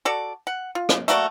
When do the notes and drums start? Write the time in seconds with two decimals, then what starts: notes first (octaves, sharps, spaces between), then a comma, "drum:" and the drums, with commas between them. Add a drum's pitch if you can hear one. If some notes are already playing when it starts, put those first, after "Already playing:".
0.05 F#4 A4 D5
0.47 F#5
0.75 F4
0.89 drum: rim click
1.08 A3 A#3 F#4 D5, drum: hi-hat